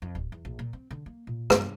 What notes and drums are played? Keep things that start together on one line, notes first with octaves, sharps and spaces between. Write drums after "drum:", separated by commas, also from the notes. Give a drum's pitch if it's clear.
F2
D1
E2
A#1
A#2
C4
D3
A#3
A#2
G2, drum: rim click